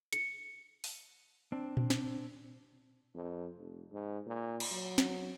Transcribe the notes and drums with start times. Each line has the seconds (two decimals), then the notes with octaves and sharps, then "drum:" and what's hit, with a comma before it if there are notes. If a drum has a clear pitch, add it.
0.13 C#7, drum: hi-hat
0.84 drum: open hi-hat
1.52 C4 D4
1.77 drum: tom A#2
1.90 drum: snare
3.15 F2
3.57 F1
3.91 G#2
4.26 A#2
4.60 drum: cymbal
4.71 F#3
4.98 drum: snare